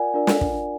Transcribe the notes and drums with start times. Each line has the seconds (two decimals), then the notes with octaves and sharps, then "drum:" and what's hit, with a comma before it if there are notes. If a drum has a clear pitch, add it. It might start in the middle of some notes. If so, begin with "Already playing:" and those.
Already playing: F4 A#4 D5 F#5 G#5
0.14 D4 F4 A#4 D5
0.27 drum: snare
0.41 drum: kick